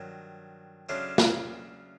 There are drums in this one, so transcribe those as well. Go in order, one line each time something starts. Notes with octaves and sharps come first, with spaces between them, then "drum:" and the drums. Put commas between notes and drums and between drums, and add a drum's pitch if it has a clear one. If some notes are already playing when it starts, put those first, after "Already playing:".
Already playing: G2 D#3 F#3
C#3 F#3 A3 D4 F4
drum: snare